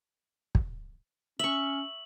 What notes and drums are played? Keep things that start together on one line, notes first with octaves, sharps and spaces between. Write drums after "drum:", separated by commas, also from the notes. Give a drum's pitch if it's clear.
drum: kick
C#4 E5 C#6 F#7